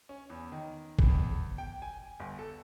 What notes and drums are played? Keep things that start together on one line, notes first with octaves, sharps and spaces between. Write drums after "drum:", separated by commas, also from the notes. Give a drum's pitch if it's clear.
C#4
E2
D#3
E2, drum: kick
G5
G#5
G1
A4